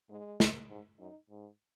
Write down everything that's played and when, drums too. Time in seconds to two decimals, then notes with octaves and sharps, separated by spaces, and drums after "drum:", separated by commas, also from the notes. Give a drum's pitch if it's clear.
0.10 G#2 G#3
0.40 F#2, drum: snare
0.70 G#2
0.99 F#2 D#4
1.30 G#2